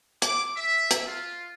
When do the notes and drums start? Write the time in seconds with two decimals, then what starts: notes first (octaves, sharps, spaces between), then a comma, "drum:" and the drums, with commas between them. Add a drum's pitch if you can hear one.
0.22 D6, drum: hi-hat
0.57 E5
0.91 drum: hi-hat
1.08 F4